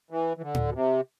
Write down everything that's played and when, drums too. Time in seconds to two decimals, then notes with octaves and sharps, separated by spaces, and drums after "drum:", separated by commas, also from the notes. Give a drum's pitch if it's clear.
0.10 E3
0.37 E3
0.42 D3
0.55 drum: tom A2
0.68 B2
0.73 C3